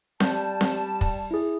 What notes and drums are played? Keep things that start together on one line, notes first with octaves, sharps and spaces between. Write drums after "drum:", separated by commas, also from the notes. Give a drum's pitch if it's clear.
G3 A5 G6, drum: snare C4
drum: snare C4
drum: kick
E4 G#4